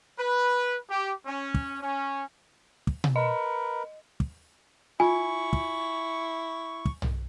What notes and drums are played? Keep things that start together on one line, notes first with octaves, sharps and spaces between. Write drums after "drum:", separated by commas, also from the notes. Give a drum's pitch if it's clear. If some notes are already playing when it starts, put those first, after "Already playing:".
B4
G4
C#4
drum: kick
C#4
drum: kick
drum: tom B2
A#4 B4 D#5
drum: kick
E4 F4 G#5 C#6
drum: kick
drum: kick
drum: tom